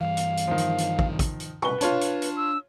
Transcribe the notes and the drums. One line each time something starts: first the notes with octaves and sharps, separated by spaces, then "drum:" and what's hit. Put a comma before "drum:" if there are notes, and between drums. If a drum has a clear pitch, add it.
G2 E3 F5
drum: hi-hat
drum: hi-hat
D#3 F3
drum: hi-hat
drum: hi-hat
drum: kick
drum: kick, hi-hat
drum: hi-hat
B4 C#6 G7, drum: tom
D4 F4 C#5 A5, drum: hi-hat
drum: hi-hat
drum: hi-hat
E6